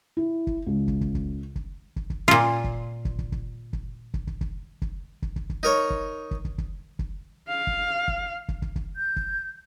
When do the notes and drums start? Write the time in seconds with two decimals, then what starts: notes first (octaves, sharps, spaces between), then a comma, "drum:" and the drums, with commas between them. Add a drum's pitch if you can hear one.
0.17 E4
0.47 drum: kick
0.66 C#2
0.88 drum: kick
1.01 drum: kick
1.15 drum: kick
1.56 drum: kick
1.96 drum: kick
2.10 drum: kick
2.28 A#2 F4
2.64 drum: kick
3.05 drum: kick
3.19 drum: kick
3.32 drum: kick
3.73 drum: kick
4.14 drum: kick
4.27 drum: kick
4.41 drum: kick
4.82 drum: kick
5.22 drum: kick
5.36 drum: kick
5.50 drum: kick
5.63 D#4 A#4 C#5
5.90 drum: kick
6.31 drum: kick
6.45 drum: kick
6.58 drum: kick
6.99 drum: kick
7.49 F5
7.67 drum: kick
8.08 drum: kick
8.48 drum: kick
8.62 drum: kick
8.76 drum: kick
8.96 G6
9.16 drum: kick